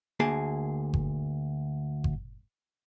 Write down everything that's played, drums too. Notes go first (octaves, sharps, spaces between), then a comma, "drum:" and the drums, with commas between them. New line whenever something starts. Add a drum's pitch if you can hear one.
D2 A#3 G#4 A5
drum: kick G1
drum: kick G1